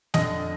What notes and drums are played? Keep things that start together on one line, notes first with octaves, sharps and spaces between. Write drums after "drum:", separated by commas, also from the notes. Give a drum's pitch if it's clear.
F2 D3 D#5, drum: snare